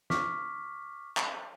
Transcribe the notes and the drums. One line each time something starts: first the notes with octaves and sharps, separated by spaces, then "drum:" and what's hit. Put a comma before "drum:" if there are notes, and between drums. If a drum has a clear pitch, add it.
C#6 D6 F6 B6, drum: snare
drum: clap